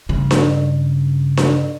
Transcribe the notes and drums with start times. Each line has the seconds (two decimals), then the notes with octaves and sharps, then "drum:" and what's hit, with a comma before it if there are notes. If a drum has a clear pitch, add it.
0.09 G2 C#3
0.31 drum: snare D4
1.37 drum: snare D4